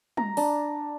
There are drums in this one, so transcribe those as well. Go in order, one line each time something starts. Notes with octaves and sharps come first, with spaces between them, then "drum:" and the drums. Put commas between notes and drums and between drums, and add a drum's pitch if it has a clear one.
A#5, drum: tom G3
D4, drum: open hi-hat